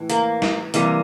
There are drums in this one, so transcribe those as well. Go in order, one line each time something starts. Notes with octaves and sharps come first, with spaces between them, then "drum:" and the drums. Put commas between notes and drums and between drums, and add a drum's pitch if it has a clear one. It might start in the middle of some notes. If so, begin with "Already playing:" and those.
Already playing: A2 E3
A#3, drum: hi-hat
drum: snare
C3 E3 G3 A#3, drum: hi-hat